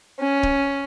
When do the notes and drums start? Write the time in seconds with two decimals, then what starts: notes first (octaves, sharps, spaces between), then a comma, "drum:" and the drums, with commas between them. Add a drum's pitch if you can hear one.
0.20 C#4
0.43 drum: kick